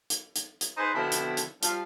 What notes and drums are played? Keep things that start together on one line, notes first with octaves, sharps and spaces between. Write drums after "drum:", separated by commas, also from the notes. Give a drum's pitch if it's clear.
drum: hi-hat
drum: hi-hat
drum: hi-hat
D#4 G#4 B4 C5
B2 D3 F3 B3 C4 E4
drum: hi-hat
drum: hi-hat
F3 G3 F5, drum: hi-hat